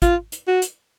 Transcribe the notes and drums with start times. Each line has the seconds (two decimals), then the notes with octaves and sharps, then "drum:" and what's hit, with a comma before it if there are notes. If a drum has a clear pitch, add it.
0.02 F4, drum: kick, hi-hat
0.32 drum: hi-hat
0.48 F#4
0.62 drum: hi-hat